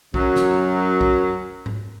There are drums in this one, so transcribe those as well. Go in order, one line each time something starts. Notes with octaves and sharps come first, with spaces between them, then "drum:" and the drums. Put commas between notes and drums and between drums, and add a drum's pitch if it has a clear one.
F#2 F#3, drum: kick A#1
drum: snare
drum: kick A#1
drum: tom G#2